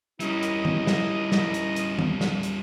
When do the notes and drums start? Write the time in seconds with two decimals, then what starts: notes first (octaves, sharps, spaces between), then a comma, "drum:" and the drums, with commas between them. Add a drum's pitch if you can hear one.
0.20 G3 C#4 E4 A#4 D#5, drum: hi-hat
0.43 drum: hi-hat
0.65 drum: tom
0.87 drum: snare
1.32 drum: snare
1.54 drum: hi-hat
1.76 drum: hi-hat
1.99 drum: tom
2.21 drum: snare
2.43 drum: hi-hat